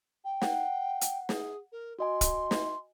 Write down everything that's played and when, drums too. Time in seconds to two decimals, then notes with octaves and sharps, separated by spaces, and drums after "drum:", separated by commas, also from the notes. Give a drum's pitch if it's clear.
0.24 G5
0.42 F#5, drum: snare
1.01 drum: hi-hat
1.29 G#4, drum: snare
1.72 A#4
1.99 F#4 D#5 G#5 C6
2.21 drum: kick, hi-hat
2.51 drum: snare